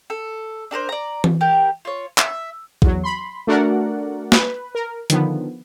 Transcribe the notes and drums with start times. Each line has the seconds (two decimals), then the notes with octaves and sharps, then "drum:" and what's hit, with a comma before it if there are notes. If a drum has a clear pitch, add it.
0.10 A4
0.71 D4 A4 A#4 C5
0.89 D5 A#5
1.24 drum: tom E3
1.41 G4 A#4
1.85 F4 C#5
2.18 E5, drum: clap
2.82 E2 F#3, drum: kick
3.04 B5 C6
3.47 A3 D4 F#4 A#4 D5 F#5
4.32 B4, drum: snare
4.75 A#4
5.10 D3 D#3 F3 B3, drum: hi-hat